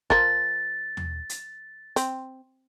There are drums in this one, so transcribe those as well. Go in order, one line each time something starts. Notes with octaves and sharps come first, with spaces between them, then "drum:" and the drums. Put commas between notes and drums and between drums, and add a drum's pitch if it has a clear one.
F3 A#4 A6, drum: kick
drum: tom D#2
drum: hi-hat
C4, drum: hi-hat